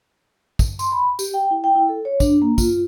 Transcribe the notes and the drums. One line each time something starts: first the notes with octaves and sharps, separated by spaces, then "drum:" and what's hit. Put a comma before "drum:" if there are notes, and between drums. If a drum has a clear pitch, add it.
drum: kick, tambourine
C6, drum: tambourine
B5
G4, drum: tambourine
G5
E4
G5
E4
A4
C#5
D4, drum: kick, tambourine
A#3
F4, drum: kick, tambourine